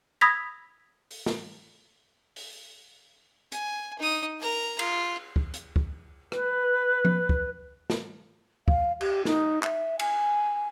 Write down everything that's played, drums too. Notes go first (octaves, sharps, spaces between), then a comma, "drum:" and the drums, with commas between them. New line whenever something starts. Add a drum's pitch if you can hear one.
B5 D#6 E6 G#6 A#6 B6
drum: open hi-hat
drum: snare
drum: open hi-hat
G#5, drum: hi-hat
D#4 D#6
A#4 A#5
F4, drum: cymbal
drum: kick
drum: hi-hat
drum: kick
B4, drum: rim click
drum: tom F3
drum: kick
drum: snare
F5, drum: kick
G4, drum: cymbal
D#4, drum: snare
E5, drum: clap
G#5, drum: cymbal